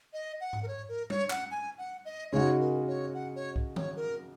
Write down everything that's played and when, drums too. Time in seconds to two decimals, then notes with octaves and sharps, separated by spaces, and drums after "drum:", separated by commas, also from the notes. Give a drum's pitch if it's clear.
0.13 D#5
0.41 F#5
0.53 drum: tom G#2
0.63 A#4
0.68 C#5
0.89 A#4
1.10 C#5, drum: tom
1.30 F#5, drum: clap
1.51 G#5
1.78 F#5
2.05 D#5
2.32 C#3 G#3 D#4 F#4 C#5
2.60 A#4
2.87 C#5
3.14 F#5
3.36 C#5
3.56 drum: kick
3.76 C#5, drum: tom D#3
3.96 A#4